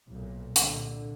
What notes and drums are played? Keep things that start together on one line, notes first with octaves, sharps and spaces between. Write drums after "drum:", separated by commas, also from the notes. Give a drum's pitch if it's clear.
B1 A#2
C2 A#2 D3, drum: hi-hat